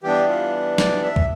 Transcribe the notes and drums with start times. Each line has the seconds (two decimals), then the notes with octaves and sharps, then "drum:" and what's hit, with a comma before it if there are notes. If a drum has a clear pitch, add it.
0.03 E3 G3 B3 D4 G4
0.29 F4
0.78 D5, drum: snare
1.03 E5
1.16 drum: kick